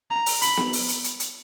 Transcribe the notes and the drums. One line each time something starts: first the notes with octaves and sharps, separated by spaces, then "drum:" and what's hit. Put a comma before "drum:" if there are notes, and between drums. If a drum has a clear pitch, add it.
A#5
drum: open hi-hat
B5, drum: hi-hat
drum: snare B3
drum: open hi-hat
drum: hi-hat
drum: hi-hat
drum: hi-hat